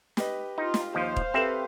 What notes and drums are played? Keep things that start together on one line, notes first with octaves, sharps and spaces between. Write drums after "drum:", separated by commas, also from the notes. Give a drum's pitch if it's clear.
G4 B4 D#5, drum: snare
D#4 F4
drum: snare
D#2 F3 C5 F5
drum: kick D#1
C4 G4 A4 B4 E5